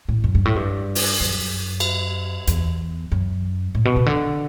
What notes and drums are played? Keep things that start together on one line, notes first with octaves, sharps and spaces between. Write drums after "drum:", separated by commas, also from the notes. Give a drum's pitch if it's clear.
A2
F#2
G2
A2
G2
drum: open hi-hat
F#2
drum: cymbal
E2, drum: hi-hat
F#2
A2
B2
C3
D3